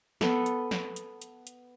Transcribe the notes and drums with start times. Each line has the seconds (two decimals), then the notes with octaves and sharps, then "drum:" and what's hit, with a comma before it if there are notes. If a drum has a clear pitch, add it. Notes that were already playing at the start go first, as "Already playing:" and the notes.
0.21 B3 A4, drum: snare
0.46 drum: hi-hat
0.71 drum: snare
0.96 drum: hi-hat
1.22 drum: hi-hat
1.47 drum: hi-hat